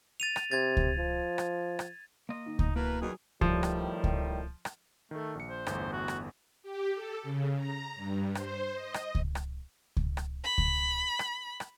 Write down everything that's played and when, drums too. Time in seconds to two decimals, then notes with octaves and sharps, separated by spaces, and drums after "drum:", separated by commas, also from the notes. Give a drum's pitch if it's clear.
0.20 A6 D#7 F7
0.36 drum: rim click
0.52 C3 G#6 A6
0.77 drum: kick C#2
0.98 F3
1.38 drum: rim click
1.79 drum: rim click
2.29 A#3 D#5 C6
2.46 D#3
2.59 D#4, drum: kick C#2
2.76 B2 A#3 E4 A#4 B4
3.02 E2 B2 D#3 F#3 G#4
3.41 A2 D#3 F3 G3, drum: kick C#2
3.63 drum: rim click
4.04 drum: kick C#2
4.65 drum: rim click
5.11 D#3 A3 A4
5.35 A#1 C#7
5.49 C5
5.67 G1 E2 A2, drum: rim click
5.93 F#4
6.08 drum: rim click
6.63 G4
6.94 A4
7.23 C#3
7.56 A#5
7.96 G2
8.35 C5, drum: rim click
8.74 D#5
8.94 drum: rim click
9.15 drum: kick C#2
9.35 drum: rim click
9.97 drum: kick C#2
10.17 drum: rim click
10.44 B5
10.58 drum: kick C#2
11.19 drum: rim click
11.60 drum: rim click